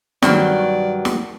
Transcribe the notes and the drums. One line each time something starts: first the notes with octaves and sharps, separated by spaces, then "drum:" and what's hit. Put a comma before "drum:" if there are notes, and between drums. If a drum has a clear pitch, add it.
G2 D#3 F#3 C4 D5, drum: snare
drum: snare